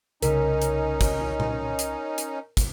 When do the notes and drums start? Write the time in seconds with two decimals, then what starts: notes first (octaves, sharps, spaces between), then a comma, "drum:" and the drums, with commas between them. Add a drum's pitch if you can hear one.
0.22 C2 C#3 C#4 D#4 A#4, drum: hi-hat
0.62 drum: hi-hat
1.01 drum: kick, hi-hat
1.40 drum: tom A#2
1.79 drum: hi-hat
2.18 drum: hi-hat
2.57 drum: kick, hi-hat